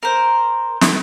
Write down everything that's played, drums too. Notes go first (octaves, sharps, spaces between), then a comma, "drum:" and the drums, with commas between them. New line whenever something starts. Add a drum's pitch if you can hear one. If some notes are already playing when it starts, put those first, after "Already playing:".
A#4 C5
drum: snare